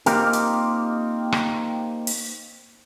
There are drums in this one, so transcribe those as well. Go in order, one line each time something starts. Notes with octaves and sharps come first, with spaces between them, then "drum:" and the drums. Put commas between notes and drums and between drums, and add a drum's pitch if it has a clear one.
A#3 C4 D#4 F4 G4 A#4, drum: hi-hat
drum: hi-hat
drum: rim click
drum: open hi-hat